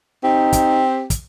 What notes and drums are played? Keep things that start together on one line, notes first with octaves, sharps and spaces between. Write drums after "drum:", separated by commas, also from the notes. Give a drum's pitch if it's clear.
C4 D#4 G4
drum: kick, hi-hat
drum: kick, hi-hat